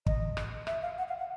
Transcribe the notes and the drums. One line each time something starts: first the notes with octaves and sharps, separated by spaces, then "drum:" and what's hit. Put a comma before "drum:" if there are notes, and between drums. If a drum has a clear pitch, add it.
D#5, drum: kick
drum: rim click
E5, drum: rim click
F5
F#5
F5
F#5